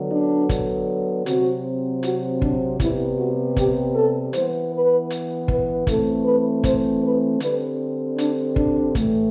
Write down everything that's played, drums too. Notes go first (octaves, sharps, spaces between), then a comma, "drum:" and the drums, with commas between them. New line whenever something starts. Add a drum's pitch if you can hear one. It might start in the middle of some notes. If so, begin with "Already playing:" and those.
Already playing: D3 F#3 B3
D4
drum: kick, hi-hat
C3 F#3 C4 F#4, drum: hi-hat
F#4, drum: hi-hat
D4, drum: kick
C3 G3 B3 E4, drum: kick, hi-hat
F#4
G4, drum: kick, hi-hat
A4
E3 B3 C5, drum: hi-hat
B4
drum: hi-hat
B4, drum: kick
E3 A3 C4 A4, drum: kick, hi-hat
B4
C5, drum: kick, hi-hat
B4
D3 G3 C4 B4, drum: hi-hat
D4, drum: hi-hat
D4, drum: kick
A2 E3 A3, drum: kick, hi-hat